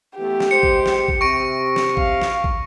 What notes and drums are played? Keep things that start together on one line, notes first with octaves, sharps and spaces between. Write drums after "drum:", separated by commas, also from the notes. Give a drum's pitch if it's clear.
E3 A3 B3 G4
drum: snare
G#3 C5 C#7
drum: kick
drum: snare
drum: kick
C3 C#6 A#6 D7
drum: snare
F5, drum: kick
drum: snare
drum: kick